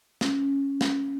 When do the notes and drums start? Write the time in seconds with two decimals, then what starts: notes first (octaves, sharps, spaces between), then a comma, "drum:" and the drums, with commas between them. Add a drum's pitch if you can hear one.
0.21 C#4, drum: snare
0.81 drum: snare